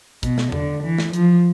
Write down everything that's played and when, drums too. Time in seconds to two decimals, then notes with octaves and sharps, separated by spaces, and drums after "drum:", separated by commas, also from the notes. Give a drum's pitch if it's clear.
0.23 B2, drum: kick, hi-hat
0.38 drum: snare
0.52 D3, drum: tom E2
0.84 E3
0.98 drum: snare
1.13 F3, drum: hi-hat